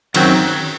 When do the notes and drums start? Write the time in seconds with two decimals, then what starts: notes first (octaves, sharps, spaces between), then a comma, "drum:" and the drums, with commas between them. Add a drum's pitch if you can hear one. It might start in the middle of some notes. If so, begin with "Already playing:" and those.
0.14 F#2 D#3 F#3 C4, drum: cymbal